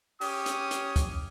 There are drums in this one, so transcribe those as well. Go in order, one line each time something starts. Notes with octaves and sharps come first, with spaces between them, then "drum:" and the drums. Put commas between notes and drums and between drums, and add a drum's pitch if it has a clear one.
C#4 G4 D#6, drum: open hi-hat
drum: hi-hat
drum: hi-hat
drum: kick, hi-hat